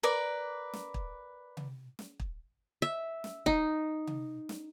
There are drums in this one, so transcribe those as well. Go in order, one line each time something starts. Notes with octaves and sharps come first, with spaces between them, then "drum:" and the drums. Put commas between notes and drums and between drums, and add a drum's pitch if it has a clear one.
A#4 B4 D5 D6
drum: snare
drum: kick
drum: tom C3
drum: snare
drum: kick
E5
drum: snare
D#4, drum: kick
drum: tom C3
drum: snare